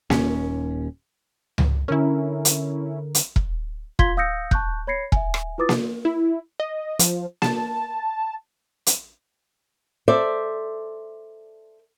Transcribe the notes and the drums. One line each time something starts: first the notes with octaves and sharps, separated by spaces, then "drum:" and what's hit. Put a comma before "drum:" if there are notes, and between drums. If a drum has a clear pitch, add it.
D#1 D#2 C#4, drum: snare A#3
drum: tom C#2
D3 C#4 E4 A#4
drum: hi-hat
drum: hi-hat
drum: kick E1
F4 F5 C6 G#6 B6 G7, drum: kick E1
F5 D#6 E6 G6 A#6 C#7
A5 C#6 F#6 G6, drum: kick E1
C#5 B5 G#6 A#6 C7 C#7
E5 G#5, drum: kick E1
drum: rim click
E4 F4 B4 D6 D#6 A6
drum: snare A#3
E4
D#5
F3, drum: hi-hat
A5, drum: snare A#3
drum: hi-hat
A4 C5 D5 E5